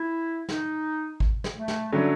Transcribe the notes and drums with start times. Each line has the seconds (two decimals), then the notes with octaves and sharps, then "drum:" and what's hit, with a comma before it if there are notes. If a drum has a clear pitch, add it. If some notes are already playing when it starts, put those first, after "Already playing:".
Already playing: E4
0.49 D#4, drum: snare
1.20 drum: kick G#1
1.44 drum: snare
1.56 A3
1.68 drum: snare
1.92 D3 F#3 G3 A3 C#4